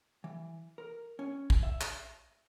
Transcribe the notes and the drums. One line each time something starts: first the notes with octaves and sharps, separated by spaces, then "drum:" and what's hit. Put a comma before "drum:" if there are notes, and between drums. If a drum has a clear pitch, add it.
E3
A#4
C#4
drum: kick
E5
drum: clap